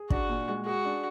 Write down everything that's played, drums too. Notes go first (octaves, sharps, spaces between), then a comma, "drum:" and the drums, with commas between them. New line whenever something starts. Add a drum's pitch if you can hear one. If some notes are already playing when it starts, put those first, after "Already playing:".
Already playing: G#4
D4 F#4, drum: kick
A#2
G#3
F#4 G#4
D4